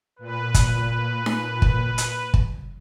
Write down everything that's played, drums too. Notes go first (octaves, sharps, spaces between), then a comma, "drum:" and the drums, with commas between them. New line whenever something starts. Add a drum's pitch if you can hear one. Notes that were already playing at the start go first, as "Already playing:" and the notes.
A#2 B4
drum: kick, hi-hat
drum: snare D#4
drum: kick
drum: hi-hat
drum: kick